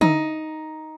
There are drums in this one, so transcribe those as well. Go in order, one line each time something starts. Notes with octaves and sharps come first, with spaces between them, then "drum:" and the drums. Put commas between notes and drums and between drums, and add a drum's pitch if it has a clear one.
D#4, drum: tom D3